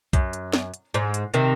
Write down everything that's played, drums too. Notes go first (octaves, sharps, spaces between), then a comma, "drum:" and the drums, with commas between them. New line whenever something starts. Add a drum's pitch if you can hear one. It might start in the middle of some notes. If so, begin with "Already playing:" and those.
F#2, drum: kick, hi-hat
drum: hi-hat
drum: snare
drum: hi-hat
G#2, drum: hi-hat
drum: hi-hat
C3 D#3, drum: hi-hat